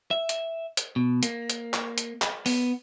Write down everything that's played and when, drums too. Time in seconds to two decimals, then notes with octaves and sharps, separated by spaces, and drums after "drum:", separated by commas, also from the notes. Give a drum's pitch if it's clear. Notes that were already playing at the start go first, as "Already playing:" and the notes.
0.11 E5
0.29 drum: hi-hat
0.77 drum: hi-hat
0.96 B2
1.23 A#3, drum: hi-hat
1.50 drum: hi-hat
1.74 drum: clap
1.98 drum: hi-hat
2.22 drum: clap
2.46 B3, drum: open hi-hat